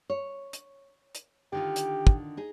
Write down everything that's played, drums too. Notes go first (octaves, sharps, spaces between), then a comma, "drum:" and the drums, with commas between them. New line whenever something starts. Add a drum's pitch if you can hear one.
C#5
drum: hi-hat
drum: hi-hat
D3 D#3 F4 G4
drum: hi-hat
drum: kick
D#4 G#4